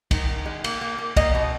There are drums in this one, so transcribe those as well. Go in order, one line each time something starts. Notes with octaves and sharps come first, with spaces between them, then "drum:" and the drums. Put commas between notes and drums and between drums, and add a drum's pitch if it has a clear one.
D#3, drum: kick, cymbal
D#3
G#3
A#3, drum: cymbal
A#3
A#3
A#3 D#5, drum: kick, cymbal
B2